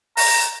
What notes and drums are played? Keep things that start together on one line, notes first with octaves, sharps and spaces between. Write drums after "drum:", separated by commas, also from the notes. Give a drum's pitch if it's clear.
A#5, drum: open hi-hat